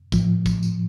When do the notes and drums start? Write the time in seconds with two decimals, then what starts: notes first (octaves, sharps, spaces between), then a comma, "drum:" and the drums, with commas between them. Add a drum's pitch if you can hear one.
0.12 A2 F3, drum: kick, tambourine
0.46 drum: kick, tambourine
0.63 drum: tambourine